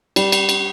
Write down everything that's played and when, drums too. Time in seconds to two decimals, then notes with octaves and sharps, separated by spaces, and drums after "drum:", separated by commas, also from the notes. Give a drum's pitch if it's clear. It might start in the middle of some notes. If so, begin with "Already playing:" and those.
0.16 G3, drum: cymbal
0.32 drum: cymbal
0.49 drum: cymbal